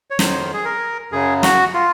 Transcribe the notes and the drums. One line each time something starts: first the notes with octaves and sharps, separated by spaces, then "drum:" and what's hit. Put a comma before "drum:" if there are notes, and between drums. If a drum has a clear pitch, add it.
C#5
F2 D#3 F#3 C5, drum: snare
G#4
A#4
F#2 C#3 F#3 G#4
F#4, drum: snare
F4